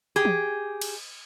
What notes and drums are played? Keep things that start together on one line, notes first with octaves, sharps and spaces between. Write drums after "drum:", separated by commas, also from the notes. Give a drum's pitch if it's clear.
G4 G#4
drum: tom E3
drum: cymbal